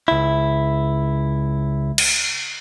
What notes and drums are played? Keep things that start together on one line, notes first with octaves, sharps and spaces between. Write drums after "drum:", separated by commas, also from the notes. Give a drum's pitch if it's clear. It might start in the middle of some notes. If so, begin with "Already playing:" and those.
C#2 E4
drum: cymbal